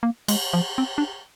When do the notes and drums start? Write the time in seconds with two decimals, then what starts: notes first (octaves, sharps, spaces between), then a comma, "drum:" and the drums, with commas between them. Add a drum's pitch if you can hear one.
0.03 A#3
0.28 G#3, drum: cymbal
0.53 F3
0.78 C4
0.98 D4